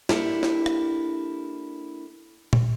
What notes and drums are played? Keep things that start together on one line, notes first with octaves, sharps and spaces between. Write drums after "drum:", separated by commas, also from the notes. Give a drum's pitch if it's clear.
A#3 D4 E4 G4 A4, drum: snare
drum: snare
drum: rim click
drum: tom A#2